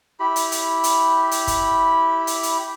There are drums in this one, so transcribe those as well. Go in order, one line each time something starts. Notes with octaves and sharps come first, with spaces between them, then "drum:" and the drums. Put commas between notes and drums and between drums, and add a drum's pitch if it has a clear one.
E4 G4 B5
drum: hi-hat
drum: hi-hat
drum: hi-hat
drum: hi-hat
drum: kick, hi-hat
drum: hi-hat
drum: hi-hat